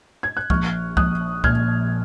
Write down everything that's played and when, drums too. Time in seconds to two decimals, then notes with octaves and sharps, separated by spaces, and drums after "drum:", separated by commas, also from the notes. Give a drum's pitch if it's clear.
0.23 G#6
0.37 F#6
0.50 A#1 C#6 F6, drum: kick
0.97 A#1 D#6 F#6, drum: kick
1.44 A#2 F6 G#6, drum: kick